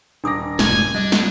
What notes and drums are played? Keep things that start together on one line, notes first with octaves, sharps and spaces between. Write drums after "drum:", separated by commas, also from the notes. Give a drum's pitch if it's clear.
D#1 D4 D6 D#6 A#6
F1 G#2 C#3 G#5, drum: snare
G3 D4 D#5
drum: snare